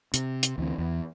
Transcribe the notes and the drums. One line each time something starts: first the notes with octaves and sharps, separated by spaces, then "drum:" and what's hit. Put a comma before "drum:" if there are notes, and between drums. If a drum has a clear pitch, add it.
C3, drum: hi-hat
drum: hi-hat
D2 E3 C4
E2